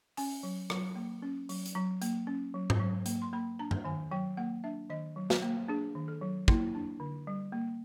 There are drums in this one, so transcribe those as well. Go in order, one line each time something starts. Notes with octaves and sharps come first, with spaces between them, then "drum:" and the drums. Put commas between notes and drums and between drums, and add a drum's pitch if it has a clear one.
C#4 G#5, drum: open hi-hat
F#3
F#3, drum: rim click
A#3
C#4
F#3, drum: open hi-hat
drum: hi-hat
F#3 A#5
A#3, drum: hi-hat
C#4
F#3
drum: tom G#2
F#3
A#3, drum: hi-hat
C6
A#3 B5
D4 A#5
drum: tom G2
D#3 G#5
F#3 G5
A#3 F#5
D4 E5
D#3 D#5
F#3
drum: snare
A#3
D4 G#4
D#3
A4
F#3
A#3 E4, drum: kick
D4
D3
G3
A#3